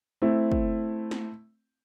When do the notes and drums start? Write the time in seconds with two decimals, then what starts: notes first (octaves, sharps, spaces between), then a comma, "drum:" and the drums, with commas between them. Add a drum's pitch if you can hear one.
0.22 A3 C4 E4
0.52 drum: kick
1.11 drum: snare